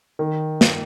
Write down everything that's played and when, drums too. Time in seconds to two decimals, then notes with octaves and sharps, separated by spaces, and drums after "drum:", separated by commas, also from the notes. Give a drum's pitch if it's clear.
0.19 D#3
0.61 drum: snare